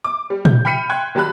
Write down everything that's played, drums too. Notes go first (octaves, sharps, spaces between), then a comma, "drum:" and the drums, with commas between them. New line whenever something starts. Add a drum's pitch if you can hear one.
D6
G3
G6, drum: tom A#2
G5 B5 F6 B6 C#7 D#7
G5 C6 F#6 G#6
D#3 F#3 G3 A5 B5 F#6